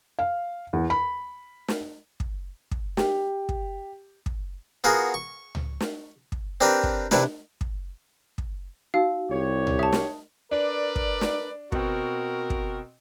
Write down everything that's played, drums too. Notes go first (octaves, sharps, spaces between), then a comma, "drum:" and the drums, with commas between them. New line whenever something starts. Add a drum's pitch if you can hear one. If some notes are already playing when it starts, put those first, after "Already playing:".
F5
E2
B5
drum: snare
drum: kick
drum: kick
G4, drum: snare
drum: kick
drum: kick
B3 F4 F#4 G#4 A#4
C#6
drum: tom C#2
drum: snare
drum: kick
C4 D4 G4 A#4 B4
drum: kick
C3 D4 E4 B4, drum: snare
drum: kick
drum: kick
D#4 F#4 F5 E6
C2 G4 C#5
drum: tom C#2
E5 A5 D#6
drum: snare
D4 A#4 B4 D5
drum: kick
drum: snare
B2 C4 F#4 A#4, drum: kick
drum: kick